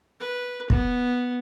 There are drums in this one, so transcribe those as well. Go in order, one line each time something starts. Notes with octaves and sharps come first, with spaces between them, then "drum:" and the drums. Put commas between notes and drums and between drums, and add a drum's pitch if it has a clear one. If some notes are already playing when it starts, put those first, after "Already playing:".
B4
B3, drum: kick